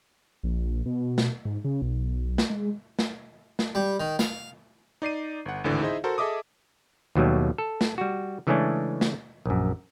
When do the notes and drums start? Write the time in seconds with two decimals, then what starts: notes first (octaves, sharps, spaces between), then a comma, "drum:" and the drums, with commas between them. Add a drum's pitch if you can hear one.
0.43 A#1
0.86 B2
1.18 drum: snare
1.45 G#2
1.65 C#3
1.82 B1
2.38 drum: snare
2.50 G#3
2.99 drum: snare
3.59 drum: snare
3.75 G3
4.00 D#3
4.19 F5, drum: snare
5.02 D#4 D5 C7 D#7
5.46 G1 F#5
5.64 G#1 D2 A2 D3 E3
5.81 D#4 E4 G#4 C5 D#5 E5
6.04 F#4 A4 A#4 C5
6.18 G#4 A4 D#5 E5 D6 D#6
7.15 D#2 B2 F#3 G3 A3
7.58 A4
7.81 drum: snare
7.98 G3 F#4
8.47 C#3 E3 G#3 A3 C#4 D4
9.01 drum: snare
9.46 A#1 F#2